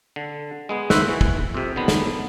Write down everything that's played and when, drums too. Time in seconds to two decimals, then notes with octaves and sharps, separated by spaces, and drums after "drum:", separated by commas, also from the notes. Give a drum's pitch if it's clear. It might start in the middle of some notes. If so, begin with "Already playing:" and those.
0.16 D3
0.69 G#3 B3 G#4
0.90 E4 F#4 B4 C5 E5 F#5, drum: snare
1.09 E3
1.21 drum: kick
1.54 F2 C3
1.76 D3 D#3 B3
1.88 drum: snare